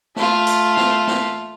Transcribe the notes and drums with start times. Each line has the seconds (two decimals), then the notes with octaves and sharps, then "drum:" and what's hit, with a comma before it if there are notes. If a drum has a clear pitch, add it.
0.16 A3 F4, drum: snare
0.47 drum: hi-hat
0.77 drum: snare
1.07 drum: snare